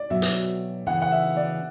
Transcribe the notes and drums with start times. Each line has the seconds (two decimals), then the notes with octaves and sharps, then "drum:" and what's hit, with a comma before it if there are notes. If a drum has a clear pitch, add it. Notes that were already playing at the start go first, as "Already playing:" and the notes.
Already playing: D5
0.10 B2 F#3 B3 F#4 E5
0.22 drum: hi-hat
0.86 C#3 E3 B3 F#5
1.02 F#5
1.12 E5
1.37 D5